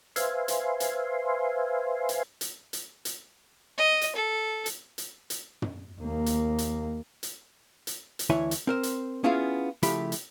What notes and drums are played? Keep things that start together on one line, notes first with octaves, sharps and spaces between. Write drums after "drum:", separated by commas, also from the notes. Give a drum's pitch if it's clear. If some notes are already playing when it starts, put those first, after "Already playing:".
B4 C5 E5 F5 G#5 C6, drum: hi-hat
drum: hi-hat
drum: hi-hat
drum: hi-hat
drum: hi-hat
drum: hi-hat
drum: hi-hat
D#5
drum: hi-hat
A4
drum: hi-hat
drum: hi-hat
drum: hi-hat
drum: tom
D#2 A#3
drum: hi-hat
drum: hi-hat
drum: hi-hat
drum: hi-hat
drum: hi-hat
D2 E3 E4 C#5 G#5
drum: hi-hat
C4 A#4 C5
drum: hi-hat
B3 C#4 E4 F4 G#4 F5
C#3 F3 A3 E4 G4 B5, drum: hi-hat
drum: hi-hat